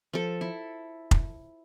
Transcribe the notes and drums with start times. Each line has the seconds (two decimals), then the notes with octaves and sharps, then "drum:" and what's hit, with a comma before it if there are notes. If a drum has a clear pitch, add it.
0.13 F3 A4
0.41 E4
1.11 drum: kick F1